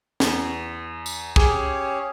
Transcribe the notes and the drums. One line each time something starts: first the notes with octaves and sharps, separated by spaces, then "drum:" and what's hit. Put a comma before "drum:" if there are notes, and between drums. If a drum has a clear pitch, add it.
E2, drum: snare
drum: tambourine
C#4 G4 G#4 C#5, drum: kick